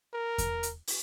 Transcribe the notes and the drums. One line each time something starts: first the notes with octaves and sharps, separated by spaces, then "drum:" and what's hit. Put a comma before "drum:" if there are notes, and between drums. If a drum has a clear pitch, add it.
A#4
drum: kick E2, hi-hat
drum: hi-hat
drum: open hi-hat